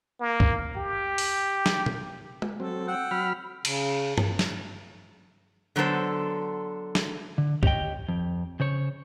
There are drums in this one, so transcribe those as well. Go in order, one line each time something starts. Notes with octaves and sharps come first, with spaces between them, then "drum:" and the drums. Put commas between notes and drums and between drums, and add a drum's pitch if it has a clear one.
A#3
drum: kick
G4
drum: open hi-hat
drum: snare
drum: tom B2
drum: tom
F#3 C4 A4
F#5 G5 E6
F#3 B5 F6
C#3, drum: cymbal
drum: tom
drum: snare
D3 F#3 B3 A4 C5
drum: snare
D3
G4 C#5 D#5 G5, drum: kick
F2
C#3 C5 C#5